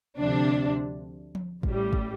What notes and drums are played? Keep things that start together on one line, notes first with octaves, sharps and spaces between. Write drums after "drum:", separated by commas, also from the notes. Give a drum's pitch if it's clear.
D2 C3 F3 D4
drum: tom F3
A1 A2 G3, drum: kick
drum: kick